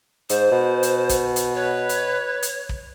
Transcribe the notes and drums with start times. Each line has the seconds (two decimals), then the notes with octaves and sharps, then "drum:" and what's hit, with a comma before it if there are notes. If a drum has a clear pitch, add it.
0.30 G#2 C5, drum: hi-hat
0.51 B2
0.83 drum: hi-hat
1.09 drum: kick, hi-hat
1.36 drum: hi-hat
1.54 B4 C#5
1.89 drum: hi-hat
2.43 drum: hi-hat
2.69 drum: kick